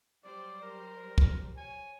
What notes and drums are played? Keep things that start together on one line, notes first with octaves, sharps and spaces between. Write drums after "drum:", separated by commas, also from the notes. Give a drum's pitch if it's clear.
F#3 G3 C5 D5
A#4
drum: kick
C#5 G#5